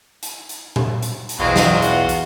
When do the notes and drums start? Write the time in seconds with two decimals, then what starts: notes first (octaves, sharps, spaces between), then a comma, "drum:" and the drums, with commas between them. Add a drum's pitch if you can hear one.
0.23 drum: hi-hat
0.49 drum: hi-hat
0.76 drum: tom A#2
1.03 drum: hi-hat
1.29 drum: hi-hat
1.40 B1 E2 F#3 G#3 C4 F4
1.56 drum: snare
1.82 F#4, drum: hi-hat
2.09 drum: hi-hat